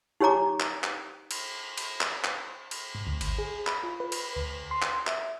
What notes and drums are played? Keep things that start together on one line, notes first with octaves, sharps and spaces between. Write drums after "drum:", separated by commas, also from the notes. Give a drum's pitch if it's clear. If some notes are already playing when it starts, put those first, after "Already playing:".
D#4 G4 C#5 G#5 A#5 D6
drum: clap
drum: clap
drum: cymbal
drum: cymbal
drum: clap
drum: clap
drum: cymbal
G#2
D2
G#1, drum: cymbal
G#4
B5, drum: clap
F4
B4
drum: cymbal
D2
C6
drum: clap
E5, drum: clap